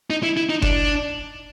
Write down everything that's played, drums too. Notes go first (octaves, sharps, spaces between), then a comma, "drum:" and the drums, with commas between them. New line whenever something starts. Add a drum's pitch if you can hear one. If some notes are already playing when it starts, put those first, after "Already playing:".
D#4
E4
E4
D#4
D4, drum: kick F#1